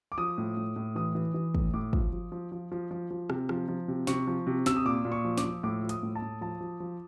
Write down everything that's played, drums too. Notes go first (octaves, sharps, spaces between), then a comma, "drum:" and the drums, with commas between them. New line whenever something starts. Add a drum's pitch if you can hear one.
D6
F3 D#6
A2
A2
A2
E3 D#6
E3
E3
A2, drum: kick
A2 D6
F3, drum: kick
F3
F3
F3
F3
F3
F3
C3, drum: rim click
F3, drum: rim click
F3
C3
C3 C#6, drum: snare
F3
C3
C3 E6, drum: snare
D#6
A#2 D6
A#2
C#6
F3
D6, drum: snare
F3
A2 D6
F3
D#6, drum: hi-hat
A2
A5
A2
F3 A5
F3
F3